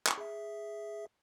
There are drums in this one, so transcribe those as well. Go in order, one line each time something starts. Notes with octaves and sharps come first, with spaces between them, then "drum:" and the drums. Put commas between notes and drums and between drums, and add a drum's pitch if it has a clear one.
drum: clap
G#4 E5